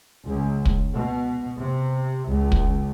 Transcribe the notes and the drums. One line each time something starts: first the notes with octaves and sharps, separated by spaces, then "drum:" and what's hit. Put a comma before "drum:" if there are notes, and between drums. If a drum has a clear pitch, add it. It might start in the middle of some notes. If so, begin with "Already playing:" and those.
C#2
drum: kick
B2
C3
C#2
drum: kick